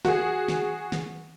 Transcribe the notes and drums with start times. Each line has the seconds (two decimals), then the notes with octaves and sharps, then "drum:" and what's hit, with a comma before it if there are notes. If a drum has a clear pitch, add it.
0.05 F#4 G#4, drum: snare
0.48 drum: snare
0.92 drum: snare